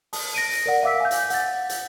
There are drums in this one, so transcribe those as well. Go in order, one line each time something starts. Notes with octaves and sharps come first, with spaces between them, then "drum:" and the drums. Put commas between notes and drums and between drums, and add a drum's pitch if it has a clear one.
A5 D#6, drum: open hi-hat
A#6 D7 D#7
drum: hi-hat
A#4 D5 F#5
E5 F5 D6 E6 B6
G#5 G6
drum: hi-hat
F#5 A6, drum: hi-hat
drum: hi-hat